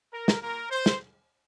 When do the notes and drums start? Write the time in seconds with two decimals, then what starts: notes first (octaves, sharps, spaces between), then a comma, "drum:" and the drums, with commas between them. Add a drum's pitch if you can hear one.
0.13 A#4
0.28 drum: snare
0.41 A#3 F4 A#4
0.70 C5
0.86 drum: snare